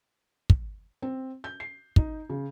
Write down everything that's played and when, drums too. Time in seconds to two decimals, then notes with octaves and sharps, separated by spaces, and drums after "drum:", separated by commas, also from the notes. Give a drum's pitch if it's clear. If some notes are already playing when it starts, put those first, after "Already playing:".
0.50 drum: kick
1.02 C4
1.44 G6
1.60 C7
1.96 D#4, drum: kick
2.30 C#3